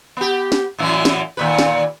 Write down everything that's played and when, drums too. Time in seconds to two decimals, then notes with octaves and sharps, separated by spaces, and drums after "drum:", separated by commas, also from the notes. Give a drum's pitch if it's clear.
0.17 B3 G4
0.52 drum: snare
0.78 F#2 A2 E3
1.05 drum: snare
1.37 D#2 A#2 B4
1.59 drum: snare